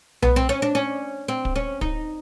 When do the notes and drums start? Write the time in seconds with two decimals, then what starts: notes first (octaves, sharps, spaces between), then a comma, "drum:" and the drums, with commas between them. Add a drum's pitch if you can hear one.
0.22 B3, drum: tom B1
0.36 C4
0.49 C#4
0.62 D4
0.75 C#4
1.28 C4
1.45 drum: kick
1.56 C#4
1.81 D#4, drum: kick